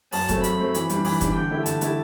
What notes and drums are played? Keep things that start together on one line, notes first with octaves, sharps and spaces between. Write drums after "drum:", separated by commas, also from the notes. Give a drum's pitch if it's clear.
F#2 A5, drum: open hi-hat
F#3 A3 C4, drum: kick F1, hi-hat
F#2 B5, drum: hi-hat
F#3 A3 C4
E3, drum: hi-hat
G3 D4, drum: hi-hat
E3, drum: open hi-hat
G3 D4, drum: kick F1, hi-hat
D3 G5
A3 E4 G4
D3 A5, drum: hi-hat
A3 E4 G4, drum: hi-hat